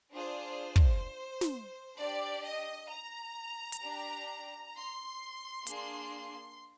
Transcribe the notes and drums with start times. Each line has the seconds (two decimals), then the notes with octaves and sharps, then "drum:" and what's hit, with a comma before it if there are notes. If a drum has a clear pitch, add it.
0.12 D4 F4 G#4 C5
0.76 drum: kick
1.41 drum: snare
1.97 D4 G4 D5
2.44 D#5
2.89 A#5
3.72 drum: hi-hat
3.82 D4 G4
4.74 C6
5.67 A#3 D4 G#4, drum: hi-hat